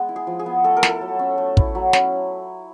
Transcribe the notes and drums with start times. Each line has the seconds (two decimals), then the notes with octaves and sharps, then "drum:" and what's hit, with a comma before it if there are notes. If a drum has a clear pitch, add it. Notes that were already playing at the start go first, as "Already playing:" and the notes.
Already playing: G#3 B3
0.09 E4
0.16 G#4
0.27 F3
0.39 G#4
0.46 B3
0.64 A3 A4
0.77 A#4
0.83 E4, drum: snare
0.89 A4
1.01 F#3
1.19 C#4
1.38 A3
1.57 E4, drum: kick
1.75 F#3
1.93 C#4, drum: snare